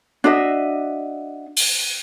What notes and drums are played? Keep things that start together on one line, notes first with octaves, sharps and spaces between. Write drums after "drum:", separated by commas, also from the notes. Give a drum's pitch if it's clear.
D4 F#4 D#5 E5
drum: open hi-hat